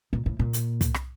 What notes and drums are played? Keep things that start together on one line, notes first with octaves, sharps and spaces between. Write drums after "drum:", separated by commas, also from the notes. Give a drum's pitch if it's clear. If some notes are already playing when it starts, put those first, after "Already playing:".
A#2
A2
A#2
drum: hi-hat
drum: kick, hi-hat
drum: rim click